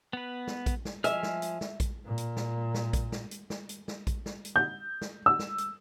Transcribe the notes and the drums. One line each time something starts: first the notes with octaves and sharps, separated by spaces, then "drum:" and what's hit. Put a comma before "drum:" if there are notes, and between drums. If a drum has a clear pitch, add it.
B3 B4
drum: snare
drum: kick A#1, hi-hat
drum: snare
F3 E5 G#5 F6, drum: hi-hat
drum: snare
drum: hi-hat
drum: snare
drum: kick A#1, hi-hat
A#2
drum: hi-hat
drum: snare
drum: snare
drum: kick A#1, hi-hat
drum: snare
drum: hi-hat
drum: snare
drum: hi-hat
drum: snare
drum: kick A#1, hi-hat
drum: snare
drum: hi-hat
G6
drum: snare
E6
drum: snare
drum: hi-hat